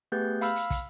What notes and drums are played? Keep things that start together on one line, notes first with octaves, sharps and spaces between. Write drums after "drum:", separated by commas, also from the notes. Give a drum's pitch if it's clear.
A3 B3 G4 G#4 B4 G6
F5 B5 E6 F6, drum: hi-hat
drum: hi-hat
drum: kick, hi-hat